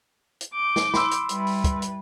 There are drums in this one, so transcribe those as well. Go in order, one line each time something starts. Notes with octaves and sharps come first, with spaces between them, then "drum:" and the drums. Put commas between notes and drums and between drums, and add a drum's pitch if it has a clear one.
drum: hi-hat
D6 G6
drum: snare
B5 C6 E6, drum: snare
drum: hi-hat
G3 E4 B4, drum: hi-hat
drum: open hi-hat
drum: kick, hi-hat
drum: hi-hat